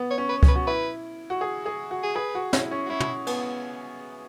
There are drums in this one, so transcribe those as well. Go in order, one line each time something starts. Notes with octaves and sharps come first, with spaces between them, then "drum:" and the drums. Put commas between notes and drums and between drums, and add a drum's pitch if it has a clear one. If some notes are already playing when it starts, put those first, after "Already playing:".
Already playing: B3
C#5
C#4
B4
C#4, drum: kick C#2
B4
F#4
E4 B4
F#4
G#4
G#4
F#4
G#4
G#4 B4
F#4
E4, drum: snare
C#4
F#4
C#4 E4
drum: tom
B3, drum: cymbal